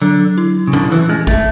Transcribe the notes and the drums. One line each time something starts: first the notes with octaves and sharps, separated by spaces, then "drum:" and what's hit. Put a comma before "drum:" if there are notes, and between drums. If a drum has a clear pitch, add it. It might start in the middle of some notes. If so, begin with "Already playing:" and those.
D3 F#3
E4
C#3
D3 C#4, drum: tom A#2
E3
G#3 C#4
A3, drum: kick